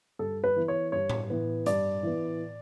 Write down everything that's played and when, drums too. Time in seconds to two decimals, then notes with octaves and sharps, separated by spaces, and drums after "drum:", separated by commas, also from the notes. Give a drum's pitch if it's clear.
0.19 G2 A4
0.44 B4
0.56 E3 B3
0.68 C#5
0.92 G2 C#5
1.10 drum: tom A2
1.30 E3 B3
1.66 G2 D5, drum: hi-hat
2.03 E3 B3